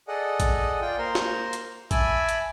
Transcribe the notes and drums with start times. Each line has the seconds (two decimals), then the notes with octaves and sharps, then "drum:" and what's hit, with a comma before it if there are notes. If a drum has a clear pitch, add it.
0.08 G#4 A4 D5 D#5 F#5
0.40 drum: kick, hi-hat
0.81 F4 D5 G5
0.98 A#3 A#4 C5 C6
1.15 drum: snare
1.53 drum: hi-hat
1.91 E5 G#5 A5 B5 D6 E6, drum: kick, hi-hat
2.29 drum: hi-hat